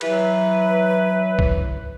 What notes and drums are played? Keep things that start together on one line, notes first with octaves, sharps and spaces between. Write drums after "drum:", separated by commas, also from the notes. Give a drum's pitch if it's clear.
E3 F#3 B4, drum: cymbal
drum: kick